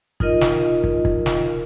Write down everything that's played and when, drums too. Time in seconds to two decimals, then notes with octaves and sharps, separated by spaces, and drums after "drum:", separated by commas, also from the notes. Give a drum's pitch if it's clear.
0.20 D#4 F4 A#4 D#5, drum: kick
0.41 drum: snare
0.84 drum: kick
1.05 drum: kick
1.26 drum: snare